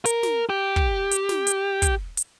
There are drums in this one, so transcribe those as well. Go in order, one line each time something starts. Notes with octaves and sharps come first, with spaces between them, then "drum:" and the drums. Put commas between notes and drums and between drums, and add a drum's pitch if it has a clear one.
A#4, drum: hi-hat
drum: snare
G4
drum: kick
drum: hi-hat
drum: snare
drum: hi-hat
drum: kick, hi-hat
drum: hi-hat